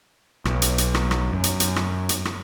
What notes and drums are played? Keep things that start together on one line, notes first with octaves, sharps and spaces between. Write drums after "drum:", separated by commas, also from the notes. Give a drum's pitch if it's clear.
B1, drum: rim click
drum: hi-hat
drum: hi-hat
drum: rim click
drum: rim click
F#2
drum: hi-hat
drum: hi-hat
drum: rim click
drum: hi-hat
drum: rim click